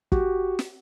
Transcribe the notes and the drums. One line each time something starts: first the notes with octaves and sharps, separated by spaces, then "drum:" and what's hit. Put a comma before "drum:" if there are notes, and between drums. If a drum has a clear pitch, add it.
F#4 G4, drum: kick
drum: snare